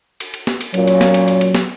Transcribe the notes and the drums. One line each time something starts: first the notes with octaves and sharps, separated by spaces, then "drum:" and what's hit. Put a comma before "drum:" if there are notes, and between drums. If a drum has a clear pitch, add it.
drum: cymbal
drum: cymbal
drum: snare
drum: cymbal
A#2 F#3 C#4 C#5, drum: cymbal
drum: cymbal
drum: snare
drum: cymbal
drum: cymbal
drum: cymbal
drum: snare